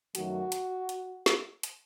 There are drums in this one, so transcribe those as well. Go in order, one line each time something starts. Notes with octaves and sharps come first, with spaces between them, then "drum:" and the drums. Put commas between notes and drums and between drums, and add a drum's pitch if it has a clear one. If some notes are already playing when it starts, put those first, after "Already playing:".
F#2 D#3 F#3 A3 F#4, drum: hi-hat
drum: hi-hat
drum: hi-hat
drum: snare
drum: hi-hat